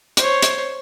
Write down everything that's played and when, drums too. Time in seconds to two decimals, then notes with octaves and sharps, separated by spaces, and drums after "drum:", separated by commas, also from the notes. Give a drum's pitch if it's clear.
0.17 C5 C#5, drum: hi-hat
0.42 drum: hi-hat